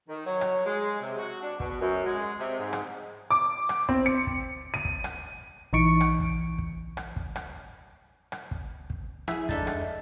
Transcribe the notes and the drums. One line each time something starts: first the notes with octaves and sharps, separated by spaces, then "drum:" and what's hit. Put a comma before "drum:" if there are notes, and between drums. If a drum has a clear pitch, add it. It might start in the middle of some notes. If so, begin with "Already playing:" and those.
D#3
F#3
drum: rim click
G#3
C3
F#4
D4
B2, drum: kick
F#2
G#3
C3
G#2
drum: rim click
D6
drum: rim click
C4, drum: kick
C#7
drum: kick
D#7
drum: kick
drum: rim click
A#1 E3 D#4 C#6 C#7 D7
drum: rim click
drum: kick
drum: kick
drum: rim click
drum: kick
drum: rim click
drum: rim click
drum: kick
drum: kick
F3 E4 G#4 E5, drum: rim click
F2 G#3 D4 D#4 A4 E5 A6, drum: kick
drum: rim click